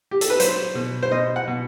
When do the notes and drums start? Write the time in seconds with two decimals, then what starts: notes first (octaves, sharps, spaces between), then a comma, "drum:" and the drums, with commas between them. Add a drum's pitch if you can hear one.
0.11 G4
0.21 A4, drum: hi-hat
0.30 B4
0.40 F#3 C5, drum: hi-hat
0.75 B2
1.03 C5
1.11 B2 D#5
1.36 F#5
1.47 B2